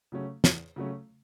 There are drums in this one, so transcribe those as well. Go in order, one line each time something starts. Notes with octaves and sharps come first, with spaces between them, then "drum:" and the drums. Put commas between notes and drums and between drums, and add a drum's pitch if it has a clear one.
C#3 F#3 A3 C#4
E2, drum: snare
C#3 F#3 A3 C#4